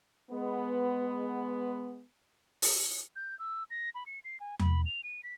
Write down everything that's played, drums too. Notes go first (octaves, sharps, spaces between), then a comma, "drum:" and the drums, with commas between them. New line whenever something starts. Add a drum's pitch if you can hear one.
G#3 B3
drum: open hi-hat
G6
E6
A#6
B5
C#7
C7
G#5
B5, drum: tom E2
F7
D#7
B6